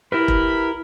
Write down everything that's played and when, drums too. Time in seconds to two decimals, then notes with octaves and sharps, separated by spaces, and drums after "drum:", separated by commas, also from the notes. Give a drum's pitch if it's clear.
0.12 E4 G4 A#4 B4 B5
0.28 drum: kick E1